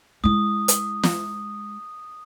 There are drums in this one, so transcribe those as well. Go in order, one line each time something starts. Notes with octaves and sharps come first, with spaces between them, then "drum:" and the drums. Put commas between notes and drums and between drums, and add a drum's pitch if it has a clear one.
G#3 E4 D#6
drum: hi-hat
drum: snare